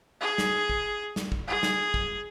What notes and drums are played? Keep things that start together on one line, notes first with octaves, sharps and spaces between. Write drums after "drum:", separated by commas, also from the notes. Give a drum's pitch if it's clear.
G#4
drum: snare
drum: kick
drum: snare
drum: kick
G#4
drum: snare
drum: kick